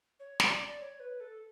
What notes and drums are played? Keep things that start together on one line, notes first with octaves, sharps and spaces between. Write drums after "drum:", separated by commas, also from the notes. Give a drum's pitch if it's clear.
C#5
D5, drum: snare
D5
C#5
B4
A4